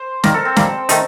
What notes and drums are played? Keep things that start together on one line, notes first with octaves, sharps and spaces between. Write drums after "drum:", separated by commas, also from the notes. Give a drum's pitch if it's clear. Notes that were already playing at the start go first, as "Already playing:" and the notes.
Already playing: C5
D#3 G3 A#3 A#4, drum: snare
A4
C4
D#3 G3 A#3, drum: snare
D#3 A3 D#4, drum: hi-hat